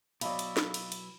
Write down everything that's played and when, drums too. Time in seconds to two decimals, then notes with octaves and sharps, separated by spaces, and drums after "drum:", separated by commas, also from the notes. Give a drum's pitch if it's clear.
0.21 B2 F#3 E4 D5 D#5 F5 B5, drum: cymbal
0.39 drum: cymbal
0.57 drum: snare
0.74 drum: cymbal
0.92 drum: cymbal